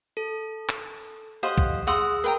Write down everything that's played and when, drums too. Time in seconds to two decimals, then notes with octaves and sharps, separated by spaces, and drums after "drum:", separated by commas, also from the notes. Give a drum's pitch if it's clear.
0.17 A4
0.69 drum: clap
1.43 G4 C5 D#5 F5 F#5
1.58 drum: kick
1.87 G#4 F#5 C6 D#6 E6
2.24 A#4 B4 G5 A#5